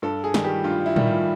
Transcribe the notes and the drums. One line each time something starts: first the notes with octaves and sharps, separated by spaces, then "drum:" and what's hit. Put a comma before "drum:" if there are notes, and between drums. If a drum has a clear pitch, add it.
G2 A4
G#4
D#3 G3, drum: snare
G4
G2 F4
E4
D#3 G3, drum: tom
F4